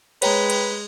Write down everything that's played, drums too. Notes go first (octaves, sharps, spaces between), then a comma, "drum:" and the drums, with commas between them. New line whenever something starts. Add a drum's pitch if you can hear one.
G#3 B4 C#5 G5 A#5, drum: cymbal
drum: cymbal